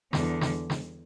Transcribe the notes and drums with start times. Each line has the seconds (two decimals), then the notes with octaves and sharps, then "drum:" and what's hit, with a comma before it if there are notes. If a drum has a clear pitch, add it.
0.13 E2 D3, drum: snare
0.41 drum: snare
0.70 drum: snare